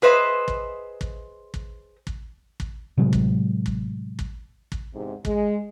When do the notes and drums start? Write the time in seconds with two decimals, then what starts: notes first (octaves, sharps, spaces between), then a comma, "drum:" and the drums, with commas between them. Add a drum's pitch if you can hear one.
0.02 G#4 B4 C5 D#5 E5
0.48 drum: kick
1.01 drum: kick
1.54 drum: kick
2.07 drum: kick
2.60 drum: kick
2.97 A2 C3 F#3 G#3
3.13 drum: kick
3.66 drum: kick
4.19 drum: kick
4.72 drum: kick
4.94 E2 G#2 C3
5.25 G#3, drum: kick